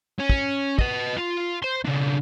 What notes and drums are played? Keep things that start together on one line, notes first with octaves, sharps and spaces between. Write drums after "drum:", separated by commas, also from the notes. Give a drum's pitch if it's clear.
C#4
drum: kick
B4 D#5, drum: kick
F4
C5 C6
C#3 D4